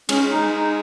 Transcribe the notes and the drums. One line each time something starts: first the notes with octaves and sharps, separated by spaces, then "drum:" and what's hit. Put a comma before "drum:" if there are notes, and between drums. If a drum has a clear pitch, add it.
G#3 C#4, drum: cymbal
D#4
G#3
D#4